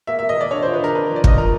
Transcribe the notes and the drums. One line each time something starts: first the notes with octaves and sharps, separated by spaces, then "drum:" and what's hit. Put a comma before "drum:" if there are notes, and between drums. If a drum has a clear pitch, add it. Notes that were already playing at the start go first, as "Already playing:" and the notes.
A#3 E5
A#3 E5
D#5
A#3 D5
D4 C#5
F4 C5
B4
D4 A#4
D4 B4
F3
D5
A#3 D#5, drum: kick
F3 A#4